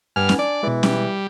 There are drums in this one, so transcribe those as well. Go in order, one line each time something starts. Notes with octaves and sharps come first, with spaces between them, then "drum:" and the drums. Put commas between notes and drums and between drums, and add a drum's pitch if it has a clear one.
G2 B3 G#5 F6
drum: snare C#4
D4 D5
B2 E3 G#3
G3, drum: snare C#4